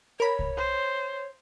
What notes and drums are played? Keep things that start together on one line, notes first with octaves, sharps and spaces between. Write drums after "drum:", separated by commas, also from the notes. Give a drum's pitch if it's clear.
A#4 C#5 B5
drum: kick C2
C5